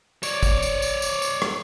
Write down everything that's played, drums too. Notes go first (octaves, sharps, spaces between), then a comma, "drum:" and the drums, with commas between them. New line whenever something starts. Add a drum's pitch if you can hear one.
C#5 D5, drum: tambourine
drum: kick, tambourine
drum: tambourine
drum: tambourine
drum: tambourine
drum: tambourine
drum: rim click